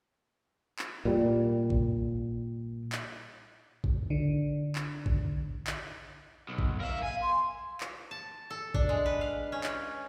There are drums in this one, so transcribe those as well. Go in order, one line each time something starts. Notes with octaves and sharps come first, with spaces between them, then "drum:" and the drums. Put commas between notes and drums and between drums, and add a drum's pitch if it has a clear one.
drum: clap
A#2 G3
drum: kick
drum: clap
drum: kick
D3
drum: clap
drum: kick
drum: clap
B1
drum: kick
A#4 E5 F5
F5 G#5
C6
drum: clap
A5
A4
D4, drum: kick
G#3
B4
F5
C#4
drum: clap